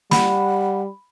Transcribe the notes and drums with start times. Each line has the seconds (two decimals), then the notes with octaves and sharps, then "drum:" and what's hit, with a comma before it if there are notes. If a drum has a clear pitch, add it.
0.11 G3 F#5 B5, drum: snare